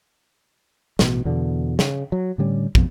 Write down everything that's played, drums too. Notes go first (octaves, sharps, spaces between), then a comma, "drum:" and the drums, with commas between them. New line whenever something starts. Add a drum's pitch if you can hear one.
A1 B2, drum: snare
E2 B2 D3
C#3, drum: snare
F#3
A2 D3 G3 C#4
F2 B2, drum: kick